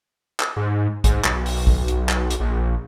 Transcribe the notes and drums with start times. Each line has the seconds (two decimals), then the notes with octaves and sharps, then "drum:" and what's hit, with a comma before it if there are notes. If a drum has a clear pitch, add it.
0.40 drum: clap
0.57 G#2
1.04 G#2, drum: kick B1, hi-hat
1.25 B1, drum: clap
1.46 drum: open hi-hat
1.67 drum: kick B1
1.88 drum: hi-hat
2.09 drum: clap
2.30 drum: hi-hat
2.40 A#1